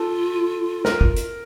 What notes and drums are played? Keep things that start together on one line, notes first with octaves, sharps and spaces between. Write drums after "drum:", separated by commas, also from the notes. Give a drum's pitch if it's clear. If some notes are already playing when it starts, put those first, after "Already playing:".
Already playing: F4 A4
A#4, drum: snare
drum: kick
drum: hi-hat